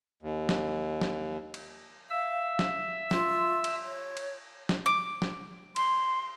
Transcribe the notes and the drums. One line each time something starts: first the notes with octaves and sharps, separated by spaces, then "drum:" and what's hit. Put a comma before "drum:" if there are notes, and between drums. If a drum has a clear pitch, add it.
D#2
drum: snare
drum: snare
drum: cymbal
E5 F5 E6
drum: snare
F4, drum: snare
drum: cymbal
C#5
drum: cymbal
drum: snare
D6
drum: snare
C6, drum: cymbal